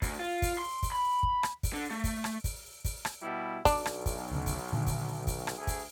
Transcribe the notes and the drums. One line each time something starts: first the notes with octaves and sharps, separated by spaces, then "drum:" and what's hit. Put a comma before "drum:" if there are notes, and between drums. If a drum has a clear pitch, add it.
D2, drum: kick, open hi-hat
F4
drum: kick, open hi-hat
C6
drum: kick, open hi-hat
B5
drum: kick
drum: rim click
drum: kick, open hi-hat
D3
A3
drum: kick, open hi-hat
drum: rim click
drum: kick, open hi-hat
drum: kick, open hi-hat
drum: rim click
B2 G3 E4
B1 D4, drum: kick, open hi-hat
drum: rim click
drum: kick, open hi-hat
D2 C#3
drum: kick, open hi-hat
A#2 D3 D#3
drum: kick, open hi-hat
drum: kick, open hi-hat
drum: rim click
D2 G#4
drum: kick, open hi-hat